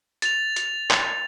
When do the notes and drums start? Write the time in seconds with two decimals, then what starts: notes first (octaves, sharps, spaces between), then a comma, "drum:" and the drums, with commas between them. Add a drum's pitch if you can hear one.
0.22 A6 F7, drum: hi-hat
0.56 drum: hi-hat
0.91 drum: clap